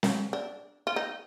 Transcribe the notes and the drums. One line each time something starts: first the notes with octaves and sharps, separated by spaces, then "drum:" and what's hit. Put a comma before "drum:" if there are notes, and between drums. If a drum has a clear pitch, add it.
drum: snare
D4
F4
D#4